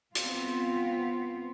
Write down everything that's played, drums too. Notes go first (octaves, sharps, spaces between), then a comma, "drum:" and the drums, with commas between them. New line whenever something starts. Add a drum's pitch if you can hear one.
B3 C4 F4, drum: hi-hat